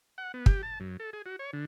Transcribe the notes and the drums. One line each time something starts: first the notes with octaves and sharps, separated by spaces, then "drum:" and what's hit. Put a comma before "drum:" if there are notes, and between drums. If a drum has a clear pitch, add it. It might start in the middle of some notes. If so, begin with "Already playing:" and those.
F#5
B3
G4, drum: kick
A5
F#2
A4
G#4
F#4
C#5
D3